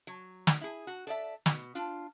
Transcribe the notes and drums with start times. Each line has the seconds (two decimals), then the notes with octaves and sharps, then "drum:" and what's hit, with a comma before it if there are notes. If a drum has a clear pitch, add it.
0.07 F#3
0.47 drum: snare
0.61 E4 G#4
0.87 F#4
1.07 A4 D5 E5
1.46 B2, drum: snare
1.75 D4 F4